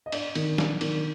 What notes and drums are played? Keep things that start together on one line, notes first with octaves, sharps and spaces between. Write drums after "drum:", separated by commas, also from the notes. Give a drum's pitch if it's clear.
D#5
D4 D5, drum: cymbal
D#3, drum: cymbal
D4, drum: snare
D#3, drum: cymbal